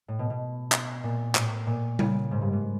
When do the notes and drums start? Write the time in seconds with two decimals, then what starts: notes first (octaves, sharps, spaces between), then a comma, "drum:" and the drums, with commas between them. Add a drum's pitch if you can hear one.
0.08 A2
0.19 B2
0.30 B2
0.72 drum: clap
1.04 A#2
1.35 A2, drum: clap
1.67 A#2
1.99 C#3, drum: tom G3
2.31 G#2
2.41 G2
2.53 G#2